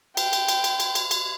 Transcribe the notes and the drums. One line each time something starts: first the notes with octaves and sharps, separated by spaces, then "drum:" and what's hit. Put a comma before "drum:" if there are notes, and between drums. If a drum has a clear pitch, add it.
G5, drum: cymbal
drum: cymbal
drum: cymbal
drum: cymbal
drum: cymbal
drum: cymbal
drum: cymbal